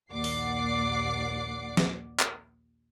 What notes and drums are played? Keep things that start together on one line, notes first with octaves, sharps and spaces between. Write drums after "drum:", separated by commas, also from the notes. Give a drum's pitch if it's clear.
A#1 D#2 D5 F#5 D6 C7
drum: open hi-hat
drum: snare
drum: clap